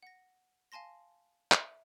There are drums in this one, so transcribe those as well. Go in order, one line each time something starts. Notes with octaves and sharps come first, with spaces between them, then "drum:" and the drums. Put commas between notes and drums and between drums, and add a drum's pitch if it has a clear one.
F#5 A#6
F5 G#5 A5 C6 A#6
E5, drum: clap